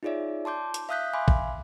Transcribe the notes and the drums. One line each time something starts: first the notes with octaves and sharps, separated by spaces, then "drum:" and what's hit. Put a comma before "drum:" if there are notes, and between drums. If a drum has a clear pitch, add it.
D#4 F4 G#4 C#5 D5 E5
A5 C6 D6 G6
drum: hi-hat
E5 F5 D#6 F#6 G6 B6
E5 F5 G#5 B5 C6 D6
drum: kick